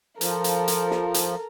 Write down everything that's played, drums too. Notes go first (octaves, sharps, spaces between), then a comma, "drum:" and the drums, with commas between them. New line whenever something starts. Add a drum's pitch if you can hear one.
F3 A4 A#4, drum: hi-hat
drum: hi-hat
drum: hi-hat
drum: snare
drum: hi-hat